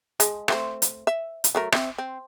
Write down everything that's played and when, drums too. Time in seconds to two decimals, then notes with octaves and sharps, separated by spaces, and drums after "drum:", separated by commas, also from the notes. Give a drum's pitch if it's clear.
0.20 G#3, drum: hi-hat
0.48 A3 C4 C5, drum: rim click
0.82 drum: hi-hat
1.07 E5
1.44 drum: hi-hat
1.55 F#3 A3 A#4
1.72 C4 E5, drum: rim click
1.98 C4